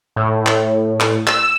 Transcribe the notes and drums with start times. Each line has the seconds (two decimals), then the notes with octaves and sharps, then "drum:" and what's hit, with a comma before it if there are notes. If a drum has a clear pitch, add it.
0.16 A2
0.46 drum: clap
1.00 drum: clap
1.27 E6, drum: clap